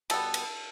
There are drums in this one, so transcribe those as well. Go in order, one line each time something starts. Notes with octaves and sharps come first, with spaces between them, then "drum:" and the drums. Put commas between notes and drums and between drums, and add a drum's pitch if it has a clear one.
B2 G3 B3 A4, drum: cymbal
drum: cymbal